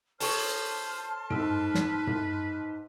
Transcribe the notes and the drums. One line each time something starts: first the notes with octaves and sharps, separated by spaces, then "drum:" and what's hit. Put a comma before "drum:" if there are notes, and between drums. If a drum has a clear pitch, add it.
A4 C5 C#5 A5 C6 F6, drum: open hi-hat
G#2 B4 E6 D7, drum: tom
drum: snare
drum: tom